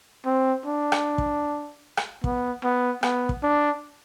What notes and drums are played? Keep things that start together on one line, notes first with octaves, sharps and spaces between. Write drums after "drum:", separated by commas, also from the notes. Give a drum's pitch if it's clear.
C4
D4
drum: rim click
drum: kick
drum: rim click
B3, drum: kick
B3
B3, drum: rim click
drum: kick
D4